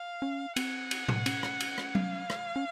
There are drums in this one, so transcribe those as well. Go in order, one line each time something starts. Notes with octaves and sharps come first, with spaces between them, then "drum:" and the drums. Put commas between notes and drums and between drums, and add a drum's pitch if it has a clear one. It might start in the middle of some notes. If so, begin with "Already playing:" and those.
Already playing: F5
C#4
C4 F#5, drum: cymbal
drum: cymbal
drum: tom A2
C#4, drum: cymbal
drum: rim click
drum: cymbal
drum: rim click
F5, drum: tom F#3
drum: rim click
C#4